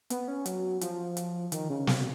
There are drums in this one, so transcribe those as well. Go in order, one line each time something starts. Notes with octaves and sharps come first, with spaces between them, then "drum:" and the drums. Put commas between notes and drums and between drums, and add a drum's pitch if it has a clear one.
B3, drum: hi-hat
C#4
F#3, drum: hi-hat
F3, drum: hi-hat
drum: hi-hat
D#3, drum: hi-hat
C#3
B2, drum: snare